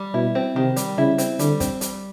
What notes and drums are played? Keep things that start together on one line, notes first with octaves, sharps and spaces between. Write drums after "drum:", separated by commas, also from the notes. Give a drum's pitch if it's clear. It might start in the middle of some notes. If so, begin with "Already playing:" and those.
Already playing: G3
B2 E4
C4
C3 D#3
G3, drum: hi-hat
C#3 E4
C4, drum: hi-hat
D3 G3, drum: hi-hat
C4, drum: kick, hi-hat
G3, drum: hi-hat